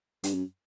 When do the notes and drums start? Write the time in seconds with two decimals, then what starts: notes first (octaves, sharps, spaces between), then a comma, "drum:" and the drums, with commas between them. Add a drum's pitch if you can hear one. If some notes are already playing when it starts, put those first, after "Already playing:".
0.23 G2, drum: hi-hat
0.34 F#2